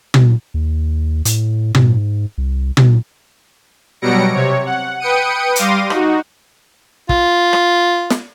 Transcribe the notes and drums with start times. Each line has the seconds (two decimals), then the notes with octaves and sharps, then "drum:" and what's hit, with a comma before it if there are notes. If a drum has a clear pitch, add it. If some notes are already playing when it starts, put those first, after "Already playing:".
0.14 drum: tom
0.54 D#2
1.25 A2, drum: hi-hat
1.75 G#2, drum: tom
2.38 C2
2.77 drum: tom
4.02 B2 F#3 G3 A#6 C#7 D7
4.33 C3 C#5
4.66 F#5
5.00 B4 G5 D#6 C#7 D#7
5.56 G3 F5 C6 D6 A#6 D#7, drum: hi-hat
5.90 D#4 F#4, drum: rim click
7.09 F4, drum: kick
7.53 drum: rim click
8.10 drum: snare